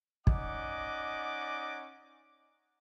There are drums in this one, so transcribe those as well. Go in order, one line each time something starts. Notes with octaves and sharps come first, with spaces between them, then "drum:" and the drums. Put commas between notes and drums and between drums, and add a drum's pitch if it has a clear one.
C#4 D#4 D5 D#5 F#5 D6, drum: kick